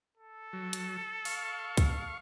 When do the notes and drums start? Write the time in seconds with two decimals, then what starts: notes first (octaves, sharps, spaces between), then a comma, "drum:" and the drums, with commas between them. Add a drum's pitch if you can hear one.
0.17 A4
0.53 F#3
0.73 drum: hi-hat
1.25 F5 C#6, drum: open hi-hat
1.77 drum: kick, hi-hat